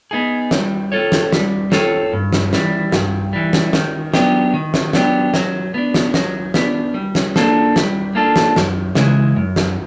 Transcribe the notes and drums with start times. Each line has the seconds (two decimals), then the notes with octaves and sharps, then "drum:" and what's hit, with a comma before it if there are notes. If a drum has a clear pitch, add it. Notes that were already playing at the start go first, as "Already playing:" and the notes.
0.11 B3 D#4 G#4
0.51 G3, drum: snare
0.92 C4 F4 A4 C#5
1.12 drum: snare
1.33 G3, drum: snare
1.72 C4 F4 A4 C#5, drum: snare
2.13 G2
2.33 drum: snare
2.53 E3 G3, drum: snare
2.92 G2, drum: snare
3.33 E3 G3
3.53 drum: snare
3.73 D#3, drum: snare
4.14 F#3 B3 D4 G4, drum: snare
4.54 D#3
4.74 drum: snare
4.93 F#3 B3 D4 G4, drum: snare
5.34 F#3, drum: snare
5.74 B3 D4
5.94 drum: snare
6.14 F#3, drum: snare
6.54 B3 D4, drum: snare
6.94 G3
7.15 drum: snare
7.36 A#3 D4 F4 A4, drum: snare
7.76 G3, drum: snare
8.15 A#3 D4 F4 A4
8.36 drum: snare
8.56 F#2, drum: snare
8.95 C#3 E3 G#3, drum: snare
9.36 F#2
9.56 drum: snare